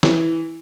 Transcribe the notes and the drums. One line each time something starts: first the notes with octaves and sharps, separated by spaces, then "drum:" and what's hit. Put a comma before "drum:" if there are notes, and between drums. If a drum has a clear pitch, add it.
E3, drum: snare